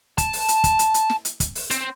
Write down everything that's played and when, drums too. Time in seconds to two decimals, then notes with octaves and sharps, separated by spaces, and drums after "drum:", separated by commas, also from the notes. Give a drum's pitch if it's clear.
0.18 A5, drum: kick, hi-hat
0.33 drum: open hi-hat
0.48 drum: hi-hat
0.64 drum: kick, hi-hat
0.79 drum: hi-hat
0.94 drum: hi-hat
1.10 drum: snare
1.25 drum: hi-hat
1.40 drum: kick, hi-hat
1.55 drum: open hi-hat
1.71 C4, drum: hi-hat